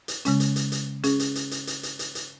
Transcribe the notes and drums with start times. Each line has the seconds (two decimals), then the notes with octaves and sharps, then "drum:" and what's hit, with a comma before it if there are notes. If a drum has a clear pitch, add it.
0.08 drum: hi-hat
0.25 C#3 G#3 C#4, drum: hi-hat
0.40 drum: hi-hat
0.56 drum: hi-hat
0.72 drum: hi-hat
1.04 C#4 G#4, drum: hi-hat
1.20 drum: hi-hat
1.35 drum: hi-hat
1.51 drum: hi-hat
1.67 drum: hi-hat
1.83 drum: hi-hat
1.99 drum: hi-hat
2.15 drum: hi-hat